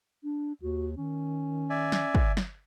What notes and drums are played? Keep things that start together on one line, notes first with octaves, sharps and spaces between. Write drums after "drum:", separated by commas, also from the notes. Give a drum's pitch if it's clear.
D4
D#2 F#4
D#3 C#4
D5 E5 G#5
drum: snare
drum: kick
drum: snare